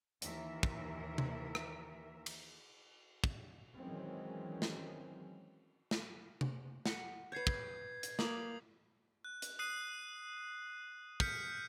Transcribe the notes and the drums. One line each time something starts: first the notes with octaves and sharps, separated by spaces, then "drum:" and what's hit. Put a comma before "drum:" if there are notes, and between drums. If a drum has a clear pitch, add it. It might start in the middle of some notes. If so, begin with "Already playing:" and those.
D#2 E3 A#4 E5, drum: hi-hat
drum: kick
drum: tom C3
drum: rim click
drum: cymbal
drum: kick
D#3 E3 F#3 G#3 C4 C#4
drum: snare
drum: snare
drum: tom C3
F#5, drum: snare
B4 C#5 G6 G#6 C7
drum: kick
drum: hi-hat
A#3 D5 D#6 G#6 F#7, drum: snare
F#6
drum: hi-hat
D#6 F#6 C7 D#7
F6 G6 B6 C#7, drum: kick